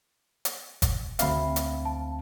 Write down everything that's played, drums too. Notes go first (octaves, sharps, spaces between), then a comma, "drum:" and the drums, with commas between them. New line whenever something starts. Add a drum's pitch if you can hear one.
drum: hi-hat
drum: kick F#1, hi-hat
D2 C4 E5 F5 B5, drum: hi-hat
drum: hi-hat
A5